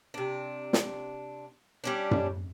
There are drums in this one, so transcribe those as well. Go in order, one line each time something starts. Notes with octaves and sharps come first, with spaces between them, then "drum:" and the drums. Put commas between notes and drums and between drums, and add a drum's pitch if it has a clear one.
C3 D4
drum: snare
G3 C#4 D4
drum: tom F#2